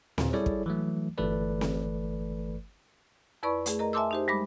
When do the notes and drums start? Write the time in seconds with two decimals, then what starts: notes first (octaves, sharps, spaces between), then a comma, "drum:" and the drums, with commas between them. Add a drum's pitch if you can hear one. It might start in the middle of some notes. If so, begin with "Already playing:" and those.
0.18 D#2 A#2, drum: snare C4
0.33 G3 E4 G#4 A4 C#5 D5
0.46 drum: kick
0.66 E3 F#3 A3
1.18 G1 E3 A3 A4 B4 D5
1.61 drum: snare C4
3.43 F2 E4 B4 D5 B5 C#6
3.66 A3 G#4, drum: hi-hat
3.79 A#4 D#5 A#5
3.93 E5 G#5 A5 C6 D6 E6
4.11 D#4 G4 C5
4.28 G3 G#3 B5 D6